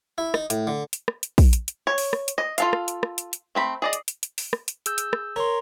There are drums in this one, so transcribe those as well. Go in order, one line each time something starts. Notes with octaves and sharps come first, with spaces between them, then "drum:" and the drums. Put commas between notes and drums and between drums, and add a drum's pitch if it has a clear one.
E4
D#4, drum: rim click
A2, drum: hi-hat
D3
drum: hi-hat
drum: rim click
drum: hi-hat
drum: kick, open hi-hat
drum: hi-hat
drum: hi-hat
C#5
drum: open hi-hat
drum: rim click
drum: hi-hat
D#5
F4 A4 F5, drum: hi-hat
drum: rim click
drum: hi-hat
drum: rim click
drum: hi-hat
drum: hi-hat
A3 C4 B5
G#4 D5 D#5
drum: hi-hat
drum: hi-hat
drum: hi-hat
drum: open hi-hat
drum: rim click
drum: hi-hat
G#4 E6 G6, drum: hi-hat
drum: hi-hat
drum: rim click
A#4 C#5 A#5 C6